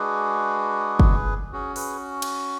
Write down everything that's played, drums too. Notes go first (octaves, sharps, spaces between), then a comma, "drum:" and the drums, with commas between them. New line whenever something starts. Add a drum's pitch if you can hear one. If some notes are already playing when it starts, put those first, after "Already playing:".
Already playing: G#3 D4 F#4 G#4 B4
drum: kick
C#4 F#4 G#4
G#4 B4, drum: open hi-hat
drum: cymbal